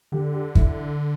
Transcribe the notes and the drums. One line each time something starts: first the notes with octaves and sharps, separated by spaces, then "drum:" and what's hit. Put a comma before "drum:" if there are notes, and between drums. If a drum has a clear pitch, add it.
D3 G4
G4
E4, drum: kick